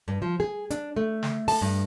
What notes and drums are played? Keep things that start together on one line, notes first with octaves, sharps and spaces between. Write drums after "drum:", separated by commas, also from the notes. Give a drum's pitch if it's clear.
G2
F3
G#4
D4, drum: hi-hat
A3
drum: snare
A5, drum: open hi-hat
G2